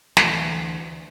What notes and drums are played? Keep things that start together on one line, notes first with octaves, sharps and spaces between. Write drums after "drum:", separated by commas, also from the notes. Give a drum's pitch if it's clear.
D2 E3 F#3 A3, drum: snare